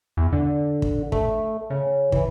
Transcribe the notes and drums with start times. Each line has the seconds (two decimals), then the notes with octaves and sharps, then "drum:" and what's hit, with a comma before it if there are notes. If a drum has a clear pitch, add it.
0.17 E2
0.32 D3
0.82 drum: kick
1.12 A3, drum: kick
1.70 C#3
2.12 E3, drum: kick